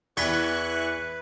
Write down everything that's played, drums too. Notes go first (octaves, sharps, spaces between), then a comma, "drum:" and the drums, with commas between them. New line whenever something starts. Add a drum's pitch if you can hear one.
E2 E3 B4 C#6 F#6 G#6 B6, drum: cymbal